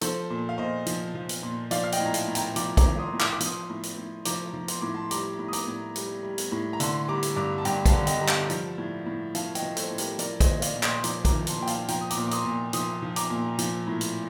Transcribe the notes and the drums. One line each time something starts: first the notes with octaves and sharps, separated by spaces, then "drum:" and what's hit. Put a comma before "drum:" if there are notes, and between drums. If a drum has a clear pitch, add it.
F3 A4 C5, drum: hi-hat
A#2
F5
A#2 C5 D#5
F3, drum: hi-hat
F3
drum: hi-hat
A#2
F3 D5 F5, drum: hi-hat
F5
D#5 G5, drum: hi-hat
A2
A#5
F5 A5, drum: hi-hat
A2
G5 A#5, drum: hi-hat
F3 A#5 D6, drum: hi-hat
A#5 D6, drum: kick, hi-hat
F3
C6 D#6
A2
D#6, drum: clap
D6
F3 C6 D#6, drum: hi-hat
A2
drum: hi-hat
A2
F3 A#5 D6, drum: hi-hat
F3
C6, drum: hi-hat
A2 D6
A5 C6
G3 A#5 D6, drum: hi-hat
A2
D#6
A#5 D6, drum: hi-hat
A2
G3, drum: hi-hat
G3
drum: hi-hat
A2
A#5
D3 A5 C6, drum: hi-hat
G3 A#5 D6
drum: hi-hat
G2 A#5 D6
A5
G2 G5 A#5, drum: hi-hat
F5 A5, drum: kick, hi-hat
D3
D#5 G5, drum: hi-hat
G3 A#5
F5 A5, drum: clap
F3, drum: hi-hat
A2
A2
F3 F5 A5, drum: hi-hat
D#5 G5, drum: hi-hat
F3
A4 C5, drum: hi-hat
A2
G4 A#4, drum: hi-hat
F3 A#4 D5, drum: hi-hat
C5 D#5, drum: kick, hi-hat
A#2
D5 F5, drum: hi-hat
A#2
C6 D#6, drum: clap
F3 A#5 D6, drum: hi-hat
A#5 D6, drum: kick, hi-hat
F3
A5 C6, drum: hi-hat
A#2 G5
F5 A5, drum: hi-hat
F3 G5 A#5, drum: hi-hat
D#6
A#5 D6, drum: hi-hat
A#2
D6
C6 D#6, drum: hi-hat
A#2
F3 C6 D#6, drum: hi-hat
F3
A#5 D6, drum: hi-hat
A#2
F3, drum: hi-hat
A2
drum: hi-hat